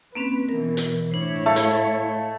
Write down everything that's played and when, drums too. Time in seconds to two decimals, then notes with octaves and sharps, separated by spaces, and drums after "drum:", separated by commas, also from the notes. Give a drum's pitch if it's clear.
0.15 A#3 C4 C#4 B4
0.49 B2 E3 A#4
0.77 drum: hi-hat
1.12 A2 D4 E4 C5 C#5
1.46 A3 D#5 F5 A5
1.56 drum: hi-hat